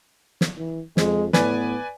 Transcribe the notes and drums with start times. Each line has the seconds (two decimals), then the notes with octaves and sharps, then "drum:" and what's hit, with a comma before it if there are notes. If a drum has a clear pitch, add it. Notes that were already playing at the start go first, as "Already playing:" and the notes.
0.41 drum: snare
0.57 E3
0.97 F2 G#3, drum: snare
1.33 A2 B3 B4 D5 G#5, drum: snare